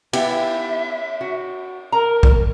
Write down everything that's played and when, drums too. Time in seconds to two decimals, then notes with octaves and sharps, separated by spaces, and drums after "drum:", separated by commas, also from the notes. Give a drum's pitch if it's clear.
0.13 B3 E4 G4 E5, drum: cymbal
1.21 F#4
1.92 A#4 A#5
2.23 drum: kick